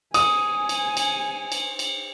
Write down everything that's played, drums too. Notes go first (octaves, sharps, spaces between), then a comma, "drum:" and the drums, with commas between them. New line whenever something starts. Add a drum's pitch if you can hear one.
G#5 D#6, drum: cymbal
drum: cymbal
drum: cymbal
drum: cymbal
drum: cymbal